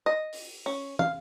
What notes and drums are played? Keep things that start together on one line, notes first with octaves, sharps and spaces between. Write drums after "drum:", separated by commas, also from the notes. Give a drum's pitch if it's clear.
D#5
drum: open hi-hat
C#4
F5, drum: tom